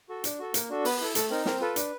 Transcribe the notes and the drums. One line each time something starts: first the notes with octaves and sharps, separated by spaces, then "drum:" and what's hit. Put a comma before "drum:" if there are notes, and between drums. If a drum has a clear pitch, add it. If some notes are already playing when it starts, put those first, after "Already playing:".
F#4 A4
D4, drum: hi-hat
F#4 A4
A#3, drum: hi-hat
D4 F#4 A4
B3 B4, drum: open hi-hat
E4 A4
A3 A4, drum: hi-hat
C4 D#4 A#4
C4 A#4, drum: snare
F4 A4 B4
D4, drum: hi-hat